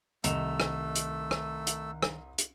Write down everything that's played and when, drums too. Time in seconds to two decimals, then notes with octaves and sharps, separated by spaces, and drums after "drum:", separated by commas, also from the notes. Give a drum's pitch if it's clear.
0.24 C2 D#3 A3 D#5 E6 E7 F7, drum: hi-hat
0.60 drum: rim click
0.95 drum: hi-hat
1.31 drum: rim click
1.67 drum: hi-hat
2.02 drum: rim click
2.38 drum: hi-hat